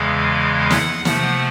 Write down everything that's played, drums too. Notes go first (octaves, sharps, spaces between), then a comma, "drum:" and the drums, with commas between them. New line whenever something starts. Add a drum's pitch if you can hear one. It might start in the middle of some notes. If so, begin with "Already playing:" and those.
Already playing: E2 C#3 E3 G#3 F5
F#5, drum: snare
C3 F3 A3 F#5, drum: snare